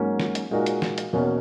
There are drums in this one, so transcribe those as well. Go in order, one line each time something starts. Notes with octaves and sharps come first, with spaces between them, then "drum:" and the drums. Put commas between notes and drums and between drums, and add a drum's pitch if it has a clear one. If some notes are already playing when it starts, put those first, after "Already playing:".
Already playing: G#2 F#3 A#3 C#4
drum: snare
drum: hi-hat
A#2 G#3 D#4 F#4 A#4
drum: hi-hat
drum: snare
drum: hi-hat
E2 B2 A#3 C#4